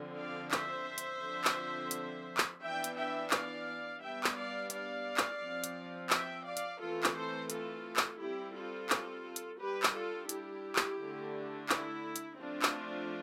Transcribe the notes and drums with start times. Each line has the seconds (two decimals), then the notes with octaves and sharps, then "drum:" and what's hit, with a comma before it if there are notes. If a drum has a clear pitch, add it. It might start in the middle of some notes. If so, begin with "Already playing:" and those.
Already playing: D3 F3 C4
0.16 D5 F5
0.51 C5 E5, drum: clap
0.98 drum: hi-hat
1.21 D3 F3 C4
1.44 drum: clap
1.91 drum: hi-hat
2.38 drum: clap
2.61 E3 B3 D4 E5 G5
2.84 drum: hi-hat
2.96 E5 G5
3.30 D5 F5, drum: clap
4.00 G3 B3 D4 E5 G5
4.24 drum: clap
4.35 D5 F5
4.70 D5 F5, drum: hi-hat
5.17 drum: clap
5.40 F3 C4
5.64 drum: hi-hat
6.10 E5 G5, drum: clap
6.45 D5 F5
6.57 drum: hi-hat
6.80 E3 A3 C4 F4 A4
7.03 drum: clap
7.15 A4 C5
7.50 F4 A4, drum: hi-hat
7.96 drum: clap
8.19 G3 C4 E4 G4
8.55 F4 A4
8.90 drum: clap
9.36 drum: hi-hat
9.59 G3 D4 G4 B4
9.83 drum: clap
9.94 F4 A4
10.29 E4 G4, drum: hi-hat
10.76 drum: clap
11.00 D3 A3 D4
11.69 E4, drum: clap
12.16 drum: hi-hat
12.39 F3 A3 C4 D4 F4
12.62 drum: clap